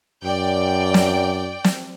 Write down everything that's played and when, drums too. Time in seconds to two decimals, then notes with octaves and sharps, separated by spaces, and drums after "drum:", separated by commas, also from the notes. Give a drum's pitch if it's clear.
0.24 F#2 D5 G5
0.94 drum: snare
1.64 drum: snare